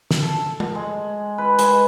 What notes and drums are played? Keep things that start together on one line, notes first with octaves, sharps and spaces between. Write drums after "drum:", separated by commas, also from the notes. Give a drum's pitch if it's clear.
drum: snare
A4
drum: tom G#3
G#3
B4
G#3, drum: hi-hat